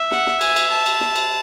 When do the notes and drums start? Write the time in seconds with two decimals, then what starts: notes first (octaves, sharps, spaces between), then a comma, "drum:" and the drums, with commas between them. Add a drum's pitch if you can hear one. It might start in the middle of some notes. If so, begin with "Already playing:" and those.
Already playing: E5
0.11 F#5, drum: snare
0.27 drum: snare
0.41 G#5, drum: cymbal
0.56 drum: cymbal
0.71 A5
0.86 drum: cymbal
1.01 drum: snare
1.15 drum: cymbal